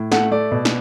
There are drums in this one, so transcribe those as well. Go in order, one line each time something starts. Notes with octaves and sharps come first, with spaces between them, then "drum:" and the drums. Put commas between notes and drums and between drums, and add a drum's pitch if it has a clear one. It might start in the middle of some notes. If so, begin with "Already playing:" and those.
Already playing: A2
A3 F#5, drum: snare
A3 D5
B2
drum: snare